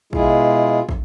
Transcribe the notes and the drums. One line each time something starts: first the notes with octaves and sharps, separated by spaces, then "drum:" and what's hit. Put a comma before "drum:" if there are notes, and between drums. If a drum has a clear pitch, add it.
B2 G#3 E4 F4 G#4, drum: kick
drum: kick